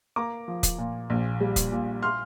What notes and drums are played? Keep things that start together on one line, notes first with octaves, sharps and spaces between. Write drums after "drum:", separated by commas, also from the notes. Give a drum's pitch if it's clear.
A#3 A#5 D6
F3
drum: kick, hi-hat
A#2
A#1
G3
drum: kick, hi-hat
A#2
C6 F6